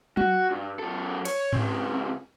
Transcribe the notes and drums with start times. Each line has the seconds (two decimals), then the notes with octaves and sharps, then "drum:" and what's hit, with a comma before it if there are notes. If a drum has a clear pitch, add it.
0.17 F#4, drum: tom F#3
0.51 G2
0.79 F#2 A4
1.25 C#5, drum: cymbal
1.53 C#2 C4, drum: tom G#2